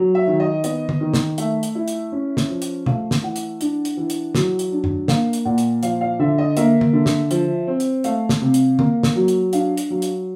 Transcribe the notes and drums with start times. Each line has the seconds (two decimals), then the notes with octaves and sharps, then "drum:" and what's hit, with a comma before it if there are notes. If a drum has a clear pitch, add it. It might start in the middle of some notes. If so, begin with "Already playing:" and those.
Already playing: F#3
0.15 E5
0.27 D#3
0.40 D#5
0.64 B3 D#5, drum: hi-hat
0.89 drum: tom D3
1.01 D#3
1.14 drum: snare
1.38 A3 E5, drum: hi-hat
1.63 drum: hi-hat
1.75 E4
1.88 drum: hi-hat
2.12 C#4
2.37 drum: snare
2.50 F3
2.62 drum: hi-hat
2.86 A3 F5, drum: tom
3.11 drum: snare
3.23 E3 F#5
3.36 drum: hi-hat
3.61 D4, drum: hi-hat
3.85 drum: hi-hat
3.97 E3
4.10 drum: hi-hat
4.35 F#3, drum: snare
4.59 drum: hi-hat
4.72 D4
4.84 drum: tom F#2
5.08 A#3 F5, drum: snare
5.33 drum: hi-hat
5.45 A#2 F#5
5.58 drum: hi-hat
5.83 F3 F5, drum: hi-hat
6.01 F5
6.19 D3 E5
6.38 D#5
6.57 A#3 E5, drum: hi-hat
6.81 drum: tom D3
6.93 D3
7.06 drum: snare
7.31 F3, drum: hi-hat
7.67 C4
7.80 drum: hi-hat
8.04 A3 F5, drum: hi-hat
8.29 drum: snare
8.42 C3
8.54 drum: hi-hat
8.79 A#3, drum: tom D3
9.03 drum: snare
9.16 F#3
9.28 drum: hi-hat
9.53 D4 F5, drum: hi-hat
9.77 drum: hi-hat
9.90 F#3
10.02 drum: hi-hat